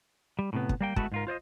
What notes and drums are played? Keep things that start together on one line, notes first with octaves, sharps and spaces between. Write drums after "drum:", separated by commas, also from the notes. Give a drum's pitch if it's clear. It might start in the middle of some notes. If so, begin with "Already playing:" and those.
G3
A2 C3 B3
drum: kick
G3 A#3 G5
G#3 A3 B3 E4 F#4 A4, drum: kick
G#2 F4 A#4
F4 C5 D5 D#5